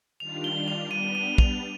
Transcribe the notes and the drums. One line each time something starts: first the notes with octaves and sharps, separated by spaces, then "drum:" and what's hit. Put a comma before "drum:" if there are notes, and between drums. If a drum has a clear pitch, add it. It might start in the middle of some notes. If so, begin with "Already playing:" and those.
D#3 G3 D4 F4 F7
G7
F7
G3 B3 D4 D#7
D#7
F7, drum: kick